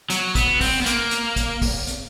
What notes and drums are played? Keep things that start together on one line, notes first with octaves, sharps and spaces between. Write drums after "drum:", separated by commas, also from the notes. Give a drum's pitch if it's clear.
F#3, drum: hi-hat
B3, drum: kick, hi-hat
C4, drum: kick, open hi-hat
B3
A#3, drum: hi-hat
drum: hi-hat
drum: kick, hi-hat
drum: kick, open hi-hat
drum: hi-hat